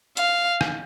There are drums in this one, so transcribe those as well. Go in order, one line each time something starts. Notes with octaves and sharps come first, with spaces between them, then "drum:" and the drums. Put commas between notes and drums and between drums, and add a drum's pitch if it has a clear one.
F5, drum: hi-hat
drum: rim click